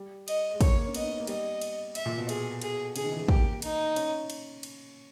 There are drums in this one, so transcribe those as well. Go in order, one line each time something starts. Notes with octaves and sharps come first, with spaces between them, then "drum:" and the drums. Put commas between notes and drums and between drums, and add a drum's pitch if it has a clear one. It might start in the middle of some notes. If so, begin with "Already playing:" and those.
Already playing: G3
D#5, drum: cymbal
G#3
A#3 C#5, drum: kick, cymbal
A#3
C#4
B3 D#5, drum: cymbal
D#4
C#4
A#3
G3 D#5, drum: cymbal
drum: cymbal
E5, drum: cymbal
A#2
B2
G#4, drum: cymbal
G#4, drum: cymbal
C#3 G#4, drum: cymbal
D#3
E3
G#3
A#3 G4, drum: kick
D#4, drum: cymbal
C#4, drum: cymbal
drum: cymbal
drum: cymbal